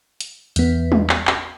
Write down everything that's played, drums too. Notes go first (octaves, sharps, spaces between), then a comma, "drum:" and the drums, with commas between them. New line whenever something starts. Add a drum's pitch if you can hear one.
drum: hi-hat
E2 B3, drum: hi-hat
drum: tom
drum: clap
drum: clap